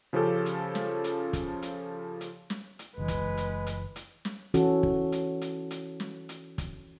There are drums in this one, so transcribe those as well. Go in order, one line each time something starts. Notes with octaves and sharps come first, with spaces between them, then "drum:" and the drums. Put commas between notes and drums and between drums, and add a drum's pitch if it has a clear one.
C#3 F3 C#4 G4 A4
drum: hi-hat
drum: snare
drum: hi-hat
drum: kick, hi-hat
drum: hi-hat
drum: hi-hat
drum: snare
drum: hi-hat
F#1 E3 G#3 B4
drum: kick, hi-hat
drum: hi-hat
drum: hi-hat
drum: hi-hat
drum: snare
E3 C#4 F#4 A4, drum: hi-hat
drum: kick
drum: hi-hat
drum: hi-hat
drum: hi-hat
drum: snare
drum: hi-hat
drum: kick, hi-hat